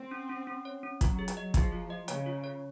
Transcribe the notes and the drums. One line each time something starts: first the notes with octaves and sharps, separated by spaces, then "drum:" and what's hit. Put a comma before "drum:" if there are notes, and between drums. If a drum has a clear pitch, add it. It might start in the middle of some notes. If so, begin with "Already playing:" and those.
Already playing: C4
C#4
C#4
C#4
C#5
C#4
F#3 F4, drum: kick, hi-hat
G#4
drum: hi-hat
D#5
F3 G#4, drum: kick, hi-hat
F4
D#5
C#3 C#5, drum: hi-hat
F4
C#5